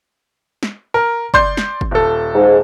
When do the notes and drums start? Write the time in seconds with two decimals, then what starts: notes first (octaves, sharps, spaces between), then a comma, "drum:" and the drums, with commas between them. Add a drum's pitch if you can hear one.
0.63 drum: snare
0.94 A#4
1.34 D5 C6 G6, drum: kick
1.57 drum: snare
1.81 drum: kick
1.91 D#1 A4
2.35 G#2